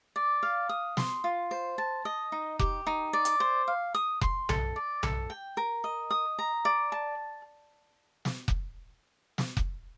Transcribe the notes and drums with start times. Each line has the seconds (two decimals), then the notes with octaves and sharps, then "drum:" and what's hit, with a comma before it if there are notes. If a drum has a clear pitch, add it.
0.16 D5
0.43 F5
0.69 D#6
0.97 C6, drum: snare
1.24 F4
1.51 C5
1.78 A5
2.05 D#5
2.32 D#4
2.59 G4, drum: kick F1
2.87 D#4
3.13 D5
3.25 drum: hi-hat
3.40 C5
3.67 F5
3.94 D#6
4.21 C6, drum: kick F1
4.49 A4, drum: tom B1
4.76 D5
5.03 A4, drum: tom B1
5.30 G5
5.57 A#4
5.84 D#5
6.11 D#6
6.39 A#5
6.65 D5
6.92 A5
8.25 drum: snare
8.48 drum: kick F1
9.38 drum: snare
9.57 drum: kick F1